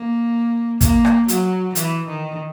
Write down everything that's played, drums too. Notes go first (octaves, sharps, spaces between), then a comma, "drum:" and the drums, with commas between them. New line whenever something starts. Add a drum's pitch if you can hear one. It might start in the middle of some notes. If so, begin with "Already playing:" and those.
Already playing: A#3
A#3, drum: kick, hi-hat
drum: rim click
F#3, drum: hi-hat
E3, drum: hi-hat
D#3